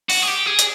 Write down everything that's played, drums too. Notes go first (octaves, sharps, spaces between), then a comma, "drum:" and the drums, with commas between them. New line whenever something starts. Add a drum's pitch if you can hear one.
F#4, drum: open hi-hat
G#4
G4
G#4
drum: hi-hat